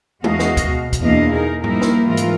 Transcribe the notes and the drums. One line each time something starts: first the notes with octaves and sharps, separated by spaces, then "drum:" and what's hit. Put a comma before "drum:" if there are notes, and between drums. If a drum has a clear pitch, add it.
E2 G#3 F#4 D#5 F5, drum: tom G#3
drum: snare
drum: kick, hi-hat
B2
drum: kick, hi-hat
E2 B2 A#3 D4 D#5 F5
D#4 G#4 A#4
F3 G3 A#3 D#4 E4 A#4, drum: tom G#2
drum: snare
G#2 E3 F4 A#4
drum: hi-hat